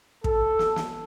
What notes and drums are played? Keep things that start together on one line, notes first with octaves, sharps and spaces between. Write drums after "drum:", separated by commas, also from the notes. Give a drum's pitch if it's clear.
A4, drum: kick
drum: snare
drum: snare